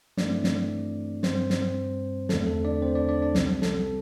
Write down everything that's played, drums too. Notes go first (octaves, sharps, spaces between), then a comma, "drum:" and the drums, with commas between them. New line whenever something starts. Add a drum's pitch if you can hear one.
G2 E3 A3 C4 D4 D5, drum: snare
drum: snare
G2 G3 C4 C5, drum: snare
drum: snare
E2 D3 A3 C4 A4, drum: snare
A4
D4 D5
C4 C5
D4 D5
D4 D5
D4 D5
C2 C3 G3 C4, drum: snare
A4, drum: snare